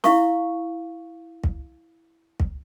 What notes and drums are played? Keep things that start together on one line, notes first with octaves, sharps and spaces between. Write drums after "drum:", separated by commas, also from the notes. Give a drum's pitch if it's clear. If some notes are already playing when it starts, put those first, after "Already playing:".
E4 F5 C#6, drum: snare
drum: kick
drum: kick